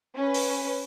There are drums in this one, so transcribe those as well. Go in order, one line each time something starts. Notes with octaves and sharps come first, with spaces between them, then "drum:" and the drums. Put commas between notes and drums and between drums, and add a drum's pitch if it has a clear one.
C#4 B4
drum: open hi-hat